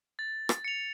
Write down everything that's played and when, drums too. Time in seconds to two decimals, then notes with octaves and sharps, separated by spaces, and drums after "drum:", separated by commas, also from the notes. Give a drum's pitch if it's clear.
0.19 A6
0.49 drum: rim click
0.64 C#7 F7